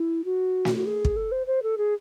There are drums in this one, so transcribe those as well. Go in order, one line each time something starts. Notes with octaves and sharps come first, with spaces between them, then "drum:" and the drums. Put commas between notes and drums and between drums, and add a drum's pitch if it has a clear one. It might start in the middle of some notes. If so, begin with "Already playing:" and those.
Already playing: E4
F#4
drum: snare
F#4
G#4
drum: kick
A4
C5
C5
A4
G#4